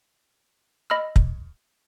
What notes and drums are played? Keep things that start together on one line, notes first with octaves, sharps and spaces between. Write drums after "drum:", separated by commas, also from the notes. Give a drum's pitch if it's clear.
D#5 B5 E6 F6
drum: kick